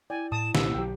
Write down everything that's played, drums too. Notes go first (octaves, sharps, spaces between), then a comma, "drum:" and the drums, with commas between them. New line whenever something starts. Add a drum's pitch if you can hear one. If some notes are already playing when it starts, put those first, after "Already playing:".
E4 D5 G5 G#5
A2 A5 D#6 E7
C2 A#2 C#4 G4 E6, drum: snare
B1 F#3 G4 G5